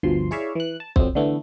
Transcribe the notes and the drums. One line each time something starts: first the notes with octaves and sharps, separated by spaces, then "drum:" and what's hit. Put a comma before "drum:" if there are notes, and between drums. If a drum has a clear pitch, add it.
G1 D2 B2 F3 C6
E4 G#4 C#5 D5 E5 F5
E3 F#6
A5
F2 F#3 C4, drum: kick B1
D3 E3 A3 B3